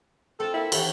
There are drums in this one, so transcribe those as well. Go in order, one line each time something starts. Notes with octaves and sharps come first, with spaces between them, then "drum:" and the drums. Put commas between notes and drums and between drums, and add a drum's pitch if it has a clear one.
C4 F4 A4
A#3 E4 A4
D#3 E3, drum: cymbal